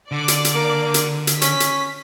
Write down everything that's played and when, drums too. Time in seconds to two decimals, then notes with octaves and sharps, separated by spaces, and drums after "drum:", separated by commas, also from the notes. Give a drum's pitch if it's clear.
0.12 D3 D5 D6
0.28 drum: hi-hat
0.45 drum: hi-hat
0.55 A#3
0.94 drum: hi-hat
1.27 drum: hi-hat
1.42 C#4 B6, drum: hi-hat
1.60 drum: hi-hat